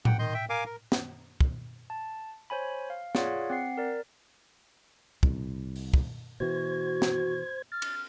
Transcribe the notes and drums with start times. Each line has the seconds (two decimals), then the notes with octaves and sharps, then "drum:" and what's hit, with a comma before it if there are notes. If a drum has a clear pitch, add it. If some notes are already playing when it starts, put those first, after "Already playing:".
0.05 F#5 G5, drum: tom A2
0.19 D#3 D#5 C6 G6
0.34 E5 G5
0.50 A#4 F5 G#5 D6
0.66 A#4
0.92 drum: snare
1.41 drum: kick
1.90 A5
2.50 C5 C#5 G#5 B5
2.90 F5
3.15 F4 G#4 C#5 D5 F5 F#5, drum: snare
3.50 C4 F#5 C7
3.78 A#4 D5
5.23 C2, drum: kick
5.76 drum: open hi-hat
5.94 drum: kick
6.40 B2 E3 F#4 C5 G#6
7.02 drum: snare
7.72 F6 A6
7.82 drum: cymbal